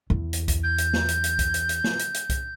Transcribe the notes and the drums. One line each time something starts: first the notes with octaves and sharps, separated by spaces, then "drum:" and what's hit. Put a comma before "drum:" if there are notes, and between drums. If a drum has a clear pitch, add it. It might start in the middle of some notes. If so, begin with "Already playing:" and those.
E2
drum: hi-hat
drum: kick C2, hi-hat
G6
drum: hi-hat
drum: snare
drum: hi-hat
drum: hi-hat
drum: kick C2, hi-hat
drum: hi-hat
drum: hi-hat
drum: snare
drum: hi-hat
drum: hi-hat
drum: kick C2, hi-hat